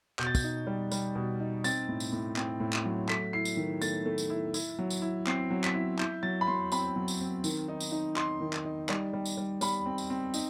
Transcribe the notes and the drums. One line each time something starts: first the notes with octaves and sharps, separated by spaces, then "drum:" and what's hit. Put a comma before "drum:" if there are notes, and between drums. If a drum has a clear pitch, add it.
B2 G6, drum: clap
A6
G6, drum: kick, tambourine
D#4
G3
G3, drum: tambourine
B2
D#4
C4 A6, drum: tambourine
A2
drum: tambourine
A2
C4, drum: clap
A2
drum: clap
F#3
A3 B6, drum: clap
E4 C7
drum: tambourine
D#3
A3 A6, drum: tambourine
A3
drum: tambourine
E4
E4, drum: tambourine
F#3
drum: tambourine
E4
C4 C7, drum: clap
F#3
B6, drum: clap
E4
E4 G6, drum: clap
F#3 A6
B5
F#3 C6
C4 B5, drum: tambourine
F#3
drum: tambourine
C4
D#3, drum: tambourine
D#4
drum: tambourine
D#4
D#4 C6, drum: clap
D#3
drum: clap
D#4
G3, drum: clap
G3
drum: tambourine
G3
G3 B5, drum: tambourine
C4
drum: tambourine
C4
D#4, drum: tambourine